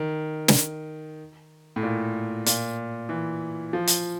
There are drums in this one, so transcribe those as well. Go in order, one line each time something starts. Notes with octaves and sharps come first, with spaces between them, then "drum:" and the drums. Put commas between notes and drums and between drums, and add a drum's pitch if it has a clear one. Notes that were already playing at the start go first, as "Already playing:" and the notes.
Already playing: D#3
drum: snare
A2
A#2
A#2, drum: hi-hat
E3
F3
drum: hi-hat